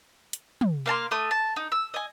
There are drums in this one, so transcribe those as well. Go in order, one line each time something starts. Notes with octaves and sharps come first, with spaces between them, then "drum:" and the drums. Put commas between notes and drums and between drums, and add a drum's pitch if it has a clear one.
drum: hi-hat
drum: tom
A#3 F5 A5 C6
A3 D#6
A5
D#4
E6
D#5 G#5